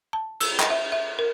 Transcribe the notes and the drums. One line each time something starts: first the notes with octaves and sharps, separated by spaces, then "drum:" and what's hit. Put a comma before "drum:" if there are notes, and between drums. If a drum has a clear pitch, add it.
A5
E6, drum: cymbal
drum: clap
E5
E5
A#4